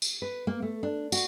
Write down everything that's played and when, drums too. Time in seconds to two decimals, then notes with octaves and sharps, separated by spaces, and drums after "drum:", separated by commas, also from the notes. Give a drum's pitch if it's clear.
0.02 drum: tambourine
0.22 B4
0.47 A#3
0.62 A3
0.83 D4
1.12 F#4, drum: tambourine